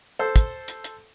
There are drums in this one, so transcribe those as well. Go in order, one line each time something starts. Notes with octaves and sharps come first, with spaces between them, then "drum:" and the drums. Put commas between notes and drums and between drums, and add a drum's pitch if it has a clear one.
A4 C5
drum: kick, hi-hat
drum: hi-hat
drum: hi-hat